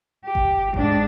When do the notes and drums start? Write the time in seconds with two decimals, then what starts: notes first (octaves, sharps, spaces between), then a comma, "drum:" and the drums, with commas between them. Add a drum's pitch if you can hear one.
0.25 G4
0.35 drum: kick G1
0.74 G#2 D4, drum: kick G1